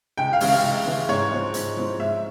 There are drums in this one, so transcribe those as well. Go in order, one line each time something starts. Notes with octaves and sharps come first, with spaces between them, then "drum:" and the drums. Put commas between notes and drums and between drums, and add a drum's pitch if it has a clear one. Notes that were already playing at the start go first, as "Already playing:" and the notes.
C#2 G5
F5
C#3 E3 G#3 C#4, drum: open hi-hat
F5
C#2
C#3 E3 G#3 C#4
G#2 C#5
F3 G#3 C4
G#2, drum: hi-hat
F3 G#3 C4
G#2 E5